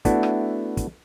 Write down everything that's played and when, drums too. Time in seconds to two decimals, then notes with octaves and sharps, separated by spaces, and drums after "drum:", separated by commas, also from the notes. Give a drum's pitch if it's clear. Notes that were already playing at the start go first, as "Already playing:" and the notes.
0.05 A3 B3 D4 E4 F#4, drum: kick, hi-hat
0.23 drum: rim click
0.77 drum: kick, hi-hat